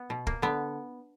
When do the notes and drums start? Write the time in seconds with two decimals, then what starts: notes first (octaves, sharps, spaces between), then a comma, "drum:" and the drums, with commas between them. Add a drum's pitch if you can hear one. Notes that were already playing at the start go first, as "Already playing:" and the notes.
Already playing: B3
0.10 B2
0.27 A#3, drum: kick
0.42 D3 B3